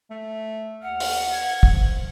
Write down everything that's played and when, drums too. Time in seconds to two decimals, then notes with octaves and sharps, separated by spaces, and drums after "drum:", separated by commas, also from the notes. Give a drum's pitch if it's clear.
0.10 A3
0.83 D#2 F#5 F6
1.00 drum: open hi-hat
1.32 G#6
1.63 drum: kick
1.73 F3